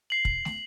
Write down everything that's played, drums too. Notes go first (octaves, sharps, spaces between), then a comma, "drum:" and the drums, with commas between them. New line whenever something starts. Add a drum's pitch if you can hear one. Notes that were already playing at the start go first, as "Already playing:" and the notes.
C7 F#7
drum: kick
drum: snare